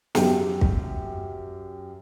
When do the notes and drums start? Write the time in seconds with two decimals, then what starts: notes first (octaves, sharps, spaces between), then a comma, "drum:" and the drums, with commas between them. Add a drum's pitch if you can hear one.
0.15 F#2 G4, drum: snare
0.61 drum: kick